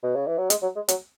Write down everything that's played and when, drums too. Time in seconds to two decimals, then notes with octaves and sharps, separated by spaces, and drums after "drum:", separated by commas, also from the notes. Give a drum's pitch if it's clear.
0.03 B2
0.15 C#3
0.27 E3
0.38 F#3
0.50 G#3, drum: hi-hat
0.62 F#3
0.76 G#3
0.88 F#3, drum: hi-hat